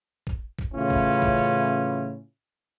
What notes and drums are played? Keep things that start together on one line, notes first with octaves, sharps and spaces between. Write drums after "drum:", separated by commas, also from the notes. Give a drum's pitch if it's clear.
drum: kick
drum: kick
A2 C#3 E3 C#4 E4 F4
drum: kick
drum: kick